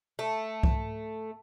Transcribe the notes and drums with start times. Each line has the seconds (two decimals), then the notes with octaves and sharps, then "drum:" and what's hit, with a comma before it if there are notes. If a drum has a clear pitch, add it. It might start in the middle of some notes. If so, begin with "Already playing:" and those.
0.19 A3
0.63 drum: kick